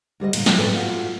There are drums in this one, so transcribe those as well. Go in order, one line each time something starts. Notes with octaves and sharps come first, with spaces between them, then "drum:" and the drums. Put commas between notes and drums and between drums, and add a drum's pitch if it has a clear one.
D2 G3 D5 D#5
E2 A#2 D3, drum: cymbal
drum: snare
E2 A2 A4 B4 D5
A3 F4 F#4